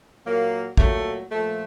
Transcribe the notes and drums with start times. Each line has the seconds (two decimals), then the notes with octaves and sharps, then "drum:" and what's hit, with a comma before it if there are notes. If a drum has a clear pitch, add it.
0.24 A#2 F#3 A#3
0.77 A#2 F#3 A3, drum: kick A1
1.30 A#2 F3 A3